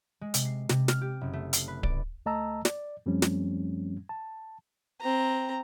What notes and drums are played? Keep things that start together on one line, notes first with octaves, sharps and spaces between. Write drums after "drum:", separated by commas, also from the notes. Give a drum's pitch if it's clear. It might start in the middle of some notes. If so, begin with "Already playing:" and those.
G#3
C3, drum: hi-hat
C7
C3, drum: snare
F6, drum: snare
G4
F#1
A3
C7, drum: hi-hat
B4
D5, drum: kick D1
C#2 A3 D#5 A5 A#5 E6
D5, drum: snare
F#2 F3 G3 A3 C4 C#4
drum: snare
A5
C4 A#5